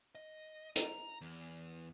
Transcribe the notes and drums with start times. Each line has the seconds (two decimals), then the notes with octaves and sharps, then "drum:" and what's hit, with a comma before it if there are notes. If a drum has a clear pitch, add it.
0.15 D#5
0.76 A#5, drum: hi-hat
1.21 E2